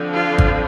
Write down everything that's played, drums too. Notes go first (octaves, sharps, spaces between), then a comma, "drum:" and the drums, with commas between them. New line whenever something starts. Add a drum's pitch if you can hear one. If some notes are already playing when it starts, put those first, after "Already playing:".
Already playing: D3 F3 C4
F4
drum: kick G#1